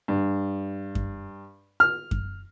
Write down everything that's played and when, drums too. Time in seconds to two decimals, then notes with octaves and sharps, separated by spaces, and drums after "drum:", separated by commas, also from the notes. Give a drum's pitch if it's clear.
0.08 G2
0.95 drum: kick F#2
1.80 F6
2.11 drum: kick F#2